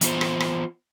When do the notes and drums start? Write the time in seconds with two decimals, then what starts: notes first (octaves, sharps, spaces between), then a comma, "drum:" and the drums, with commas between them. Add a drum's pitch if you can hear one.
0.01 E3 B3 F4 C5, drum: hi-hat
0.21 drum: rim click
0.40 drum: rim click